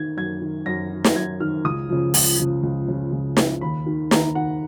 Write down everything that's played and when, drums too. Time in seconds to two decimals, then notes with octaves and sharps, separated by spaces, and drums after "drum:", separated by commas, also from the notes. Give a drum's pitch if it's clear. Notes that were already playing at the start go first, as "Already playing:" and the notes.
Already playing: D#3 G#6
0.17 F#2 G#6
0.42 D#3
0.66 F#2 A#6
0.91 D#3
1.04 drum: snare
1.15 F#2 G#6
1.40 D#3 F6
1.64 C#2 D#6
1.89 C#3 F3
2.14 C#2, drum: open hi-hat
2.39 C#3 F3
2.63 C#2
2.88 C#3 F3
3.12 C#2
3.37 C#3 F3, drum: snare
3.61 D#2 B5
3.86 D#3
4.11 D#2 A#5, drum: snare
4.35 D#3 F#5